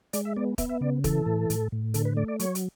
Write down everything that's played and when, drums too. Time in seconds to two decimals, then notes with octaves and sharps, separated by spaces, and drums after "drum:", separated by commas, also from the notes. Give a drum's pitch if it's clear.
0.13 G#3 D5, drum: hi-hat
0.25 E5
0.36 B3 D5
0.58 B3 E5, drum: kick, hi-hat
0.69 E5
0.81 C#3 D5
1.04 E3 A4, drum: kick, hi-hat
1.26 A2
1.50 A2, drum: hi-hat
1.72 A2
1.94 D3 A4, drum: hi-hat
2.05 B4
2.17 A3 D5
2.28 D5
2.39 F#3 C#5, drum: hi-hat
2.55 drum: hi-hat